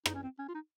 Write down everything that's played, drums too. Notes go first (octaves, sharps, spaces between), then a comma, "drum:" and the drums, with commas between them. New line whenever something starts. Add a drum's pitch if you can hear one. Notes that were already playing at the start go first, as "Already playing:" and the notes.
D#4, drum: rim click
C#4
C4
C#4
F4
D#4